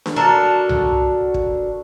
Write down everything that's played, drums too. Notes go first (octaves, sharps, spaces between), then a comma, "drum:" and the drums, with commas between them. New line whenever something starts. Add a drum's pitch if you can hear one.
drum: snare D4
D4 F#4 A4 A#4
drum: tom C2
drum: kick